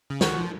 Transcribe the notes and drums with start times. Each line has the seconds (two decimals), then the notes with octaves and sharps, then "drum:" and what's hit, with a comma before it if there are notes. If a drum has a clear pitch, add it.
0.10 C#3
0.21 D#3 F#4, drum: snare
0.37 F3